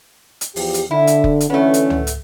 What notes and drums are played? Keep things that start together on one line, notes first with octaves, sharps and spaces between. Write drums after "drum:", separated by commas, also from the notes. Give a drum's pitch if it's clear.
drum: hi-hat
E2 F3 G4, drum: open hi-hat
drum: hi-hat
D3 E4
drum: hi-hat
drum: kick F1
drum: hi-hat
D3 E3 A3 B3 C#4
drum: hi-hat
drum: tom C#2
drum: hi-hat